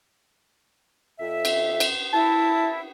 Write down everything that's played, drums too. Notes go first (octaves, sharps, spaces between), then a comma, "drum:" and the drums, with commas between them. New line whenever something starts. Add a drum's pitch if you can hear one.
F2 E5
drum: cymbal
drum: cymbal
E4 A5